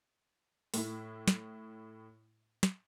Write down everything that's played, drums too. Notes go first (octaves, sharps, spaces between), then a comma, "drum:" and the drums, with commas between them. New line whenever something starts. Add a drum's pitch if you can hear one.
A2 E4, drum: open hi-hat
drum: snare
drum: snare